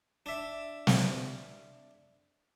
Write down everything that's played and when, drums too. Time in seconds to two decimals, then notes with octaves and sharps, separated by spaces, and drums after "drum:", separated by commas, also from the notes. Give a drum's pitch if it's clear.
0.26 D4 E5
0.87 drum: snare